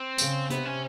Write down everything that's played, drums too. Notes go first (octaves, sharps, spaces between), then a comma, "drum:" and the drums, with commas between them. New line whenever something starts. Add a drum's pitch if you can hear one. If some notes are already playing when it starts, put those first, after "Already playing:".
Already playing: C4
C#3, drum: tambourine
C3 B3, drum: hi-hat
C#4